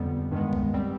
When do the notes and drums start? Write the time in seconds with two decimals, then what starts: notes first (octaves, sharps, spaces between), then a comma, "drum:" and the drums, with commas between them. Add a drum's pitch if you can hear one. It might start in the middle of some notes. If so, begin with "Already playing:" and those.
Already playing: F2 D3 G3 B3
0.31 G2 D#3 G#3 B3
0.53 drum: kick C2
0.74 G3 C4